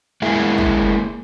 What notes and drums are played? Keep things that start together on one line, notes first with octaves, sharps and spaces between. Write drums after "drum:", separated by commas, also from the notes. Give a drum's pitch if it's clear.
G#3 A#3 E4 G#4
drum: kick